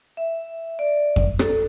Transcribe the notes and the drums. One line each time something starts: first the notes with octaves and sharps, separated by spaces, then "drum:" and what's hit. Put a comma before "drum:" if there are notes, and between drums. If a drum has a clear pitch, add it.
E5
D5
drum: kick F2
A4, drum: rim click